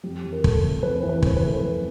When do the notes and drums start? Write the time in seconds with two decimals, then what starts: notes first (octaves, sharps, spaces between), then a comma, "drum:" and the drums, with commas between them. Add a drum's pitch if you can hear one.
0.04 F2 G4
0.24 E3
0.33 A#4
0.44 C#3 A4, drum: kick
0.64 A3
0.83 F2 B4
1.03 E3
1.09 B4
1.23 C#3, drum: kick
1.36 B4
1.42 A3
1.62 F2